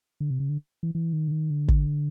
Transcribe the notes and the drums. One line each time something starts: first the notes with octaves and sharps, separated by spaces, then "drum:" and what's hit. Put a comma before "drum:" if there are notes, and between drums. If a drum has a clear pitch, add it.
D3
C3
C#3
D3
E3
E3
D#3
D3
D#3
D3
drum: kick